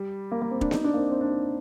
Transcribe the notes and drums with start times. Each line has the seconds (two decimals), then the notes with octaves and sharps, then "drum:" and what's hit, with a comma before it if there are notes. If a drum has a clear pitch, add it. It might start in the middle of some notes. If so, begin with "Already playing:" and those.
Already playing: G3
0.32 A#3
0.42 A#3
0.51 C4
0.61 D4, drum: kick
0.71 D#4, drum: snare B3
0.84 D4
0.94 A#3
0.98 C4
1.11 C4
1.21 D4
1.31 D#4